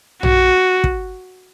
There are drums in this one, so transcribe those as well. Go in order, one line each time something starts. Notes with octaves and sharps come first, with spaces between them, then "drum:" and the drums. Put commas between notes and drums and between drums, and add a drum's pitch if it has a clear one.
F#4, drum: tom A#1
drum: kick